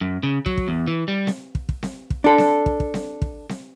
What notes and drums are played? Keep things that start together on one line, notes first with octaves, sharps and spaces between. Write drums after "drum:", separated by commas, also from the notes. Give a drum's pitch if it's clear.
F#2
C#3
F#3, drum: kick
drum: kick
E2
E3
G3
drum: snare C4
drum: kick
drum: kick
drum: snare C4
drum: kick
D4 A4
drum: snare C4
drum: kick
drum: kick
drum: snare C4
drum: kick
drum: snare C4